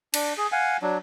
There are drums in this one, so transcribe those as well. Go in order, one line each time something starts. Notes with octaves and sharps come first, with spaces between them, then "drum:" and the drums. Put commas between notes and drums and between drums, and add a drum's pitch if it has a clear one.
D4, drum: cymbal
G#4
F5 F#5 G#5
F#3 D4